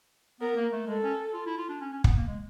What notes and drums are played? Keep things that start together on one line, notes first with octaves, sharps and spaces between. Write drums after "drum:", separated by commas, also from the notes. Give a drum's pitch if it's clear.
B3 A#4
A#3
A3
G#3 A4
C#4
F4
E4
F4
D4
C#4
C#4
B3, drum: kick
A#3
G#3